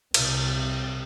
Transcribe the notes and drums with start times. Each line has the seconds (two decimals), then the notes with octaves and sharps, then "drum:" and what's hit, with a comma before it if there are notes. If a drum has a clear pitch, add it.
0.14 C2 C3, drum: cymbal